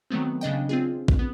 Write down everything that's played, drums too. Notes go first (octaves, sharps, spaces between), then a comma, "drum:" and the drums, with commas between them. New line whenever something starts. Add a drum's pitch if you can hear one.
D#3 F#3 A3 B3 C4
C#3 D4 D#5 G5
C4 F4 G#4
drum: kick
B3